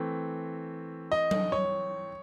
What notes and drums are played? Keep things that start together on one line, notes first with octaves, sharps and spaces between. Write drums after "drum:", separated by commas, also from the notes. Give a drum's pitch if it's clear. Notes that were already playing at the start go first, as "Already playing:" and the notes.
Already playing: E3 A3 C4
D#5
drum: tom F#3
C#5